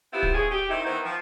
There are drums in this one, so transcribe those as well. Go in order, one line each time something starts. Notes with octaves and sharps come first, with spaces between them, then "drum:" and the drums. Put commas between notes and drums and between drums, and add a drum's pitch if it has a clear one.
B3 C4 E4 F4 G4
drum: kick
C#4 G#4
G4
D#3 C4 D#4 E4
D#3 E3 B3 C5
F3